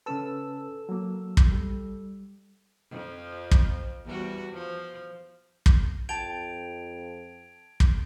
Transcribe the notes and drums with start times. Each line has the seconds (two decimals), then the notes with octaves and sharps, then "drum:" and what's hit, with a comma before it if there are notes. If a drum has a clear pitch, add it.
0.06 C#3 C#4 A4 B4 E6
0.89 F#3 A#3
1.37 drum: kick
1.53 G3
2.90 F2 F3
3.51 drum: kick
4.05 E2 G3 F#4
4.53 F3
5.66 drum: kick
6.09 F2 G5 A5 G#6 D7 F7
7.80 drum: kick